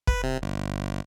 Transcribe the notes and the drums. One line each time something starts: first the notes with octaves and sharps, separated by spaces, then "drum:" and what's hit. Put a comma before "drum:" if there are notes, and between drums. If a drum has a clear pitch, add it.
B4, drum: kick
C3
G1